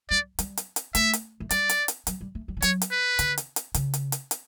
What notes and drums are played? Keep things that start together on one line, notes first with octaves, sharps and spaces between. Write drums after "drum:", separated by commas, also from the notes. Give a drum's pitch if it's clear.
G3 D5
G3, drum: hi-hat
drum: hi-hat
drum: hi-hat
A3 E5, drum: hi-hat
drum: hi-hat
A3
G3 D5, drum: hi-hat
drum: hi-hat
drum: hi-hat
F#3, drum: hi-hat
G3
A3
G3
E3
F#3 C#5, drum: hi-hat
drum: hi-hat
B4
D3, drum: hi-hat
drum: hi-hat
drum: hi-hat
C#3, drum: hi-hat
drum: hi-hat
drum: hi-hat
drum: hi-hat